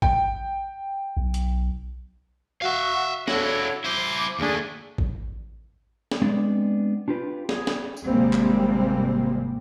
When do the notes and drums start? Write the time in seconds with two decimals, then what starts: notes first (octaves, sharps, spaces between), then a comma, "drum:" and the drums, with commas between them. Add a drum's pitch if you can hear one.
0.02 G5, drum: kick A1
1.17 B1
1.34 drum: hi-hat
2.62 F#4 E5 F5 C#6
3.28 D4 E4 F#4 A4 C#5, drum: snare
3.84 E4 C5 D6
4.39 D#2 A3 D4 G#4
4.98 drum: kick A1
6.11 drum: snare
6.22 G#3 B3 C4 D4 D5
7.08 D4 F4 G4 B4
7.49 G#4, drum: snare
7.67 drum: snare
7.97 drum: tambourine
8.06 G#1 C3 G3 G#3 A#3 C4
8.33 drum: clap